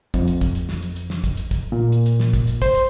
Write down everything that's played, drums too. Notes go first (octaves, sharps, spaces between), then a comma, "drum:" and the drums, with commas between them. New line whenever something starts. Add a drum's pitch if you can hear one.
F2, drum: kick, hi-hat
drum: hi-hat
drum: kick, hi-hat
drum: hi-hat
drum: snare
drum: hi-hat
drum: hi-hat
drum: snare
drum: kick, hi-hat
drum: hi-hat
drum: kick, hi-hat
A#2
drum: hi-hat
drum: hi-hat
drum: snare
drum: kick, hi-hat
drum: hi-hat
C5, drum: kick, hi-hat
drum: hi-hat